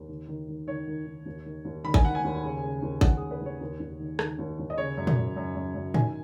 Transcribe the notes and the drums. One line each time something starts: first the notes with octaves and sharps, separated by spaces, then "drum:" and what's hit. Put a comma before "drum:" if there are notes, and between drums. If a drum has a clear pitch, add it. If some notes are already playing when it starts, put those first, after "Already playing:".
Already playing: D#2
D#3
D#3
D#3
D#3 C#5
D#3
D#3
D#2
D#3
D#2
D#3 B5
G#5, drum: kick A1
D#3 F#5
G#5
D#2
C#3
C#3
D#2
D#2 F#5, drum: kick A1
C#3 G#4
B4
D#2 C#5
D#2
D#2
D#3
D#3, drum: rim click
D#2
D#2
D#5
C#3 C#5
F#2
drum: tom A#2
F#2
F#2
F#2
F#2
D#3 G#5, drum: tom A2